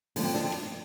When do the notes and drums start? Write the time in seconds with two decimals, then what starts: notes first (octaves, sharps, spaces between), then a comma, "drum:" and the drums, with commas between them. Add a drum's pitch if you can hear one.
0.16 D3 F3 A3, drum: open hi-hat
0.24 C4
0.35 D4, drum: snare
0.52 drum: rim click